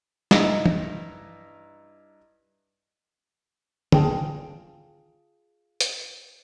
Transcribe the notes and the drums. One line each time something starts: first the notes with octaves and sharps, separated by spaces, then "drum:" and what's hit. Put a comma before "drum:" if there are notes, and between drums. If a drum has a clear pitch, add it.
G2 D#4 E4 E5 A#5, drum: snare
drum: tom
F4 G#4 G5 A5, drum: tom
drum: hi-hat